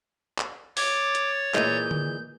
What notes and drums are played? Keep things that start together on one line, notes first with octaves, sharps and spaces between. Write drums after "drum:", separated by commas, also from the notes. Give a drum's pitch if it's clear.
drum: clap
C#5 D6 A6, drum: open hi-hat
drum: hi-hat
A#2 E3 G#3 G6, drum: clap
drum: tom D3